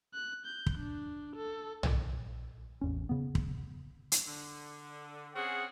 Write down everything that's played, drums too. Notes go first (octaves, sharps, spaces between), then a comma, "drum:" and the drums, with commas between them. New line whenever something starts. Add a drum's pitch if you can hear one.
F#6
G6
drum: kick
D4
A4
A#1, drum: tom B1
A1 E2 C#4
C#3 B3
drum: kick
drum: hi-hat
D3
C4 C#4 G#4 F#5